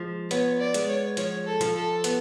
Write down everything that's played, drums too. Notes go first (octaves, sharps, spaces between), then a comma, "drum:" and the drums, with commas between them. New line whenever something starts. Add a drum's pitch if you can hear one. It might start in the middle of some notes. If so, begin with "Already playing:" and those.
Already playing: F3 G#3
B3 C#5, drum: hi-hat
D5
G#3, drum: hi-hat
C#5
F3 C#5, drum: hi-hat
A4
F3, drum: hi-hat
A4
B3, drum: hi-hat